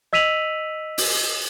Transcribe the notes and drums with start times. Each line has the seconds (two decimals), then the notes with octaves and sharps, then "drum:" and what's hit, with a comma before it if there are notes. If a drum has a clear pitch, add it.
0.13 D#5 E6 B6 D#7 F7 F#7
0.98 drum: open hi-hat